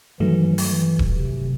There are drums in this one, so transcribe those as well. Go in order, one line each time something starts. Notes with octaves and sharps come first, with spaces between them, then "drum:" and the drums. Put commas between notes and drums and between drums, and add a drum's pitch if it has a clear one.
G2 D#3 E3 F#3 A3
drum: open hi-hat
E3
drum: kick D#1
C3